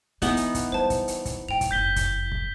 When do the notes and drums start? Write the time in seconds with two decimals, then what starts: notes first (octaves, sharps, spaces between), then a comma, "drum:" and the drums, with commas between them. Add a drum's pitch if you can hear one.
0.22 E3 G#3 B3 D#4, drum: kick, hi-hat
0.37 drum: hi-hat
0.55 drum: kick, hi-hat
0.72 G3 C5 A5
0.90 drum: kick, hi-hat
1.08 drum: hi-hat
1.25 drum: kick, hi-hat
1.49 G#2 G5 F7
1.61 drum: kick, hi-hat
1.71 F#1 F2 G6 B6 G7
1.96 drum: kick, hi-hat
2.32 drum: kick